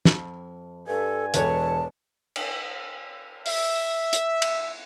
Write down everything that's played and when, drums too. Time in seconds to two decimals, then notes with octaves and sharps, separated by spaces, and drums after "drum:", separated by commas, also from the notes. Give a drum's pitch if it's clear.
0.05 F2, drum: snare
0.87 G2 A4 G#5
1.34 E1 A4 B4 C#5 A5, drum: hi-hat
2.36 drum: cymbal
3.46 E5, drum: open hi-hat
4.13 drum: hi-hat
4.42 drum: cymbal